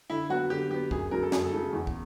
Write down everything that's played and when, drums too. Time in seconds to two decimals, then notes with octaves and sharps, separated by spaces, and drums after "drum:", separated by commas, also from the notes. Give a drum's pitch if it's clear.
0.10 D3 E4
0.29 F#3 B3 F#4
0.50 D3 G4
0.70 F#3 B3 G4
0.91 F#2 G#4, drum: kick
1.11 C#3 F#3 A#4
1.23 A4
1.32 F#2 G#4, drum: snare
1.44 A4
1.53 C#3 F#3
1.73 E2
1.87 drum: kick